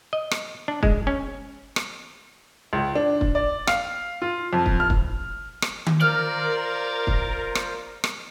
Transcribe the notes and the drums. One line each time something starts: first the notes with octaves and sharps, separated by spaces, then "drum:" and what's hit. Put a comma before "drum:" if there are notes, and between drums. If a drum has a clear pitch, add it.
D#5
drum: rim click
D4
G#3, drum: kick
C#4
drum: rim click
C#2
D4
drum: kick
D5
F5, drum: rim click
F4
F2
drum: kick
F6
drum: kick
drum: rim click
drum: tom D#3
F4 A#4 C5 D5 F6
drum: kick
drum: rim click
drum: rim click